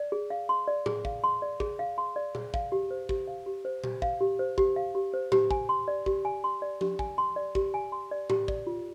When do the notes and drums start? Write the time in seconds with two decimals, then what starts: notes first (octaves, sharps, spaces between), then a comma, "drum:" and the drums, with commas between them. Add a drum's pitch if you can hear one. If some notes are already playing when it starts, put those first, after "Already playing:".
Already playing: D5
0.12 G#4
0.30 F5
0.49 C6
0.68 D5
0.86 G#4, drum: tom A2
1.05 F5, drum: kick
1.24 C6
1.42 D5
1.60 G#4, drum: kick
1.79 F5
1.98 C6
2.16 D5
2.35 G#4, drum: tom A#2
2.54 F5, drum: kick
2.72 G4
2.91 C5
3.09 G4, drum: kick
3.27 F5
3.46 G4
3.65 C5
3.84 G4, drum: tom A#2
4.02 F5, drum: kick
4.20 G4
4.39 C5
4.58 G4, drum: kick
4.76 F5
4.95 G4
5.14 C5
5.32 G4, drum: tom A2
5.51 G#5, drum: kick
5.69 C6
5.88 D5
6.06 G4, drum: kick
6.25 G#5
6.44 C6
6.62 D5
6.81 G4, drum: tom F3
6.99 G#5, drum: kick
7.18 C6
7.36 D5
7.55 G4, drum: kick
7.74 G#5
7.92 C6
8.11 D5
8.30 G4, drum: tom A2
8.48 D5, drum: kick
8.67 F4